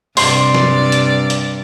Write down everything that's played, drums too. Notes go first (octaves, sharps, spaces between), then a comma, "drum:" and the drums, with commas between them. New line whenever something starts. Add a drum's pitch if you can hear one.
G2 C3 D5 C6, drum: open hi-hat
drum: snare
drum: hi-hat
drum: hi-hat